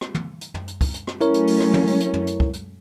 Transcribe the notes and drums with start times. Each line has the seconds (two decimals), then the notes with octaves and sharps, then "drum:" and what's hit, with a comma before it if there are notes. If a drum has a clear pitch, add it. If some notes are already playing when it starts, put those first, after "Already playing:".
0.01 drum: rim click
0.14 drum: tom
0.41 drum: hi-hat
0.54 drum: tom
0.68 drum: hi-hat
0.81 drum: kick, open hi-hat
0.94 drum: hi-hat
1.07 drum: rim click
1.21 F#3 A3 C#4 E4 A#4 C#5, drum: hi-hat
1.34 drum: hi-hat
1.47 drum: open hi-hat
1.60 drum: rim click
1.74 drum: tom
1.87 drum: open hi-hat
2.00 drum: hi-hat
2.13 drum: tom
2.27 drum: hi-hat
2.40 drum: kick
2.53 drum: hi-hat